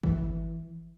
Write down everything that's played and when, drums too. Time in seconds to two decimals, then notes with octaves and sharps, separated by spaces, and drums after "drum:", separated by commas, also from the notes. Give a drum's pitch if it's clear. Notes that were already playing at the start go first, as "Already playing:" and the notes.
0.03 E3, drum: kick G1